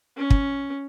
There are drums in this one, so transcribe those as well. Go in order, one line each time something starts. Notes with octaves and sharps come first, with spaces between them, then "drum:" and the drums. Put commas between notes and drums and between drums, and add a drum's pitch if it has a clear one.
C#4
drum: kick